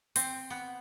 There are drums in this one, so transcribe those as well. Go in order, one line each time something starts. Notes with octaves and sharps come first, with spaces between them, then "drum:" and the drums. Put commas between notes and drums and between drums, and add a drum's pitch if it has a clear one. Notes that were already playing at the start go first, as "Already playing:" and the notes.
C4, drum: hi-hat
B3